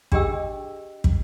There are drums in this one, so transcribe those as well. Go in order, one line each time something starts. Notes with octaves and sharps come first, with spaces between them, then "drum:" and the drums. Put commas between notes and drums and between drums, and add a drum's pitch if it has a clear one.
D4 G4 G#4 D#5 G5 E6, drum: kick
drum: kick